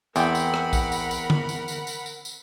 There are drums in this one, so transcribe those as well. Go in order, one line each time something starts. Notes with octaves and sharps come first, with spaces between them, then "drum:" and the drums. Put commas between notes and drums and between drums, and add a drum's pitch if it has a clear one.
E2 C4 A#4 F#5 G5 B5, drum: tambourine
drum: tambourine
drum: rim click
drum: kick A#1, tambourine
drum: tambourine
drum: tambourine
drum: tom D3
drum: tambourine
drum: tambourine
drum: tambourine
drum: tambourine
drum: tambourine